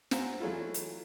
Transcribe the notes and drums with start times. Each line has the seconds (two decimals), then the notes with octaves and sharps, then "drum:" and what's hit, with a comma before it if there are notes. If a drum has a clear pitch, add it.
0.11 C4 C5 F5 F#5 G#5 A#5, drum: snare
0.40 E3 F#3 G#3 A3 E4 F4
0.74 drum: hi-hat